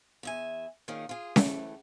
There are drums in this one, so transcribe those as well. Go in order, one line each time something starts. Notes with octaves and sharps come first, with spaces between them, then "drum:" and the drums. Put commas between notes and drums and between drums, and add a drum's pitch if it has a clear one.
E2 E5 G#5
A#2 D#3 A#3 C#4 G#4
F4 G#4
E3 A3, drum: snare C#4